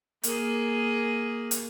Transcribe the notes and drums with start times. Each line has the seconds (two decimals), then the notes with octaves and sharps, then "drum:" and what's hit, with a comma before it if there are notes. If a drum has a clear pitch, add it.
0.23 A#3 G#4, drum: hi-hat
1.51 drum: hi-hat